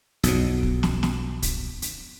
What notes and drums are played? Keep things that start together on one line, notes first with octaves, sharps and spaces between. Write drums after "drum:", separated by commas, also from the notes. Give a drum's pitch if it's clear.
B1 F2 B2, drum: hi-hat
drum: kick
drum: snare
drum: snare
drum: kick, hi-hat
drum: hi-hat